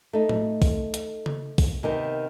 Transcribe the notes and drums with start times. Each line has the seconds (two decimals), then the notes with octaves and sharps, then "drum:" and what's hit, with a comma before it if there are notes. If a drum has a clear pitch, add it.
0.13 A3 D#4
0.29 drum: tom A2
0.62 drum: kick, open hi-hat
0.94 drum: hi-hat
1.26 drum: tom C#3
1.58 drum: kick, open hi-hat
1.83 C3 D#3 B3